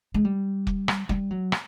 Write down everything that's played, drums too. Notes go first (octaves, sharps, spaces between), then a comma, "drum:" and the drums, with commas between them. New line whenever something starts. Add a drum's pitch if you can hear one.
G#3
G3
drum: kick
drum: rim click
G3, drum: kick
F#3
drum: rim click